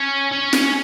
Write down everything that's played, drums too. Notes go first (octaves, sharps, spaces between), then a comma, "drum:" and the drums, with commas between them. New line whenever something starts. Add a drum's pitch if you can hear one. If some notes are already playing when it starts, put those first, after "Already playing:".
Already playing: C#4
C#4
drum: snare